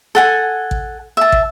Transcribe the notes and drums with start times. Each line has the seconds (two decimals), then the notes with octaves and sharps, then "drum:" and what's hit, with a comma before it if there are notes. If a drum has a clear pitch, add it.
0.15 A4 F#5 G#5
0.71 drum: kick
1.17 E5 A5
1.32 drum: kick